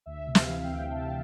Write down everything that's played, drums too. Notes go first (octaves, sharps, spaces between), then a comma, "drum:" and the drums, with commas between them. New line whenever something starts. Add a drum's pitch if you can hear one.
D2 E5
C3
F5, drum: snare
E3
F5
G5
D2
D2 A5